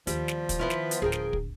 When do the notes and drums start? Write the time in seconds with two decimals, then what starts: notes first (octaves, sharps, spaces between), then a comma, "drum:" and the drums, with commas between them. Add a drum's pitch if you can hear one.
0.07 D#2 F3 G3, drum: hi-hat
0.28 drum: snare
0.49 drum: kick, hi-hat
0.59 D#3 B3 E4 F4
0.70 drum: snare
0.91 drum: hi-hat
1.02 D1 G#4 A#4 G5
1.12 drum: snare
1.33 drum: kick